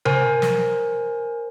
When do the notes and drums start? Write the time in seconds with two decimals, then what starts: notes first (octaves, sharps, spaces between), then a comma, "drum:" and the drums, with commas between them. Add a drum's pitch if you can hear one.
0.05 A#4 C5 G#5, drum: tom C3
0.42 drum: snare